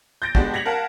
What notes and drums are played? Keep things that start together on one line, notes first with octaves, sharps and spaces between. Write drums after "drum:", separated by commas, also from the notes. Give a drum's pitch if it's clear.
G6 A6 A#6 D7
G#3 B3 D4 F#4 G4, drum: kick
G#6 A#6 B6 C#7 F7 F#7
A#4 F5 F#5 A5